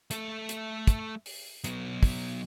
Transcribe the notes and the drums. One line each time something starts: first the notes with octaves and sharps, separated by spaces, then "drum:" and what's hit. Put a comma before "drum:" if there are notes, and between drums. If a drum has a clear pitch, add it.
A3 A4, drum: hi-hat
drum: hi-hat
drum: kick, hi-hat
drum: open hi-hat
F#3 B3, drum: hi-hat
drum: kick, open hi-hat